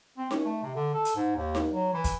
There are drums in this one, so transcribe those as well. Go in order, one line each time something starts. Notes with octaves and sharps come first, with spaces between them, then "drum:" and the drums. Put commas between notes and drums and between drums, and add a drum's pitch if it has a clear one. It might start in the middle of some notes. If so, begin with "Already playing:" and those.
C4
C#4, drum: snare D#4
A3
C3
D3
A4
drum: hi-hat
G#2
D#2
drum: snare D#4
F#3
E3
drum: kick, hi-hat